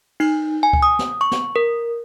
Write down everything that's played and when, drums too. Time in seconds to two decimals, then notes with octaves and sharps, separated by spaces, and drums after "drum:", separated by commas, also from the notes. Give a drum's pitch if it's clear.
0.20 D#4, drum: cymbal
0.63 G#5
0.73 drum: kick C#2
0.82 D#6
0.99 drum: snare
1.21 C#6
1.31 drum: snare
1.56 A#4